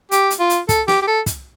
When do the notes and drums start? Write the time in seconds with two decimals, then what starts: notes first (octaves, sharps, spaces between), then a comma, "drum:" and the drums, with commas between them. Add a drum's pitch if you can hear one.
0.11 G4, drum: hi-hat
0.30 drum: hi-hat
0.39 F4
0.50 drum: hi-hat
0.69 A4, drum: kick, hi-hat
0.88 G4, drum: snare
1.02 G4
1.07 A4
1.26 drum: kick, hi-hat